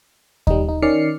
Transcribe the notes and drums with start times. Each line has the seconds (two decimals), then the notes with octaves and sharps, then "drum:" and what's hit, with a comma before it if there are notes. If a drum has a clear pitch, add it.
0.47 G3 D#4, drum: kick D#2
0.68 D#4
0.82 D#3 C#4 D5 F6 C7 C#7